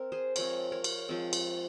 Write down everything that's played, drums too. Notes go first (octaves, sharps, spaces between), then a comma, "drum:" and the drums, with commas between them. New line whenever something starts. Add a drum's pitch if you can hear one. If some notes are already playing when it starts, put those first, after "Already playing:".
Already playing: C4 A#4
G#4 C5
F3 G#3 C4 A#4 C#5, drum: cymbal
A#4 C#5
drum: cymbal
F3 G#3 C4
drum: cymbal